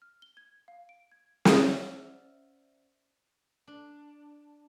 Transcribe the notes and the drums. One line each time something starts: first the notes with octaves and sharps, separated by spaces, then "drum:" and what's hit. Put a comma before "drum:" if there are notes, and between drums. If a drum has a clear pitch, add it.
F6
G7
G#6
F5
D7
G#6
drum: snare
C#4 C5 D5 E5 E6
D4